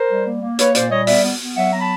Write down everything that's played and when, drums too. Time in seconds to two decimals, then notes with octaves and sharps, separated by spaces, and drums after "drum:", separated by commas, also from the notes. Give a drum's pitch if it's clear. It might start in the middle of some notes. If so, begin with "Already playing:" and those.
Already playing: A#4 C5
0.10 G3
0.26 A#3
0.42 A#3
0.59 A#3 B4 C#5, drum: hi-hat
0.75 A#2 C5 D5, drum: hi-hat
0.91 G3 C#5 D#5
1.07 B3 D5 E5, drum: open hi-hat
1.23 B3
1.39 B3
1.56 F#3 E5 F#5
1.72 B3 A#5
1.80 A5 B5